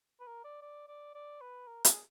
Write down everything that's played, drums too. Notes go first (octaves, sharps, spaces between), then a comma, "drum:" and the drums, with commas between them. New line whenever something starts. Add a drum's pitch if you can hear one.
B4
A#4
D5
D5
D5
D5
B4
A#4
G#4, drum: hi-hat